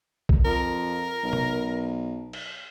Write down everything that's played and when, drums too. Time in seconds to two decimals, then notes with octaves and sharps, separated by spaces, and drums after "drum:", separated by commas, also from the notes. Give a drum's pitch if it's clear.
0.29 drum: kick B1
0.45 F2 A#4
1.23 B1
1.33 drum: tom
2.33 drum: cymbal